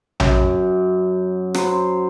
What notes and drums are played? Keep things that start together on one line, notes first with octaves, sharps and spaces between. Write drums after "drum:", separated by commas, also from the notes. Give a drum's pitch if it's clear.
F#2, drum: tom A#1
F#3 C5, drum: rim click